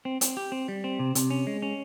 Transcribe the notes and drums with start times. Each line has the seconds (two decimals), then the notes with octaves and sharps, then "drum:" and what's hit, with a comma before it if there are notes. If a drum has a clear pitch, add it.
0.05 C4
0.21 C4, drum: hi-hat
0.37 G4
0.52 C4
0.68 G3
0.84 C4
0.99 C3
1.15 C3, drum: hi-hat
1.31 C#4
1.47 G#3
1.62 C#4